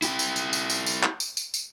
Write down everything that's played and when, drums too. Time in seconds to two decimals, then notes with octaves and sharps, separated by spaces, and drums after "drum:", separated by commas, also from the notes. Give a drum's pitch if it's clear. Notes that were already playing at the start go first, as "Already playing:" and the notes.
0.02 E4 G4, drum: tambourine
0.19 drum: tambourine
0.36 drum: tambourine
0.53 drum: tambourine
0.70 drum: tambourine
0.86 drum: tambourine
1.03 drum: clap
1.20 drum: tambourine
1.37 drum: tambourine
1.54 drum: tambourine